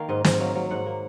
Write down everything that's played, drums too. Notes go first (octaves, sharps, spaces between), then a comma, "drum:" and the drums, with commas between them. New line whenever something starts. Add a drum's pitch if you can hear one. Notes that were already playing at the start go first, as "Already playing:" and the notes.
Already playing: D#3 A#3 A#4 F5
G#2 D#5
G#2 D#5, drum: snare
F#3 F5
F#3 F5
G#2 F#5
A#3